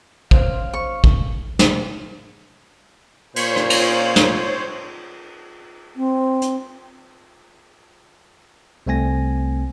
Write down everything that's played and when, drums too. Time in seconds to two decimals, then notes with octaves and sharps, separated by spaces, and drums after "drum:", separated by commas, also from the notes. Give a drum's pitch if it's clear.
0.31 F#3 C#4 C5 F5, drum: kick
0.73 C#6
1.04 drum: kick
1.59 drum: snare
3.36 A#2 C5 C#5, drum: cymbal
3.56 drum: rim click
3.70 drum: cymbal
4.16 drum: snare
5.96 C4
6.42 drum: hi-hat
8.86 C2 A3 C4 G#5 A#6